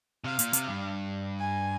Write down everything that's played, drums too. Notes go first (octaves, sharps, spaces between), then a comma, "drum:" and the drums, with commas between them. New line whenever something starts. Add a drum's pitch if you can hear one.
C3 F5
A#2, drum: hi-hat
C3, drum: hi-hat
G2
G#5